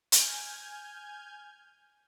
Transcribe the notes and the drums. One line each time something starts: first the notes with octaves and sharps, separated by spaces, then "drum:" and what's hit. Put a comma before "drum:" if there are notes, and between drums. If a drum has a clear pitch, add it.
G#5 F6 G6 G#6, drum: hi-hat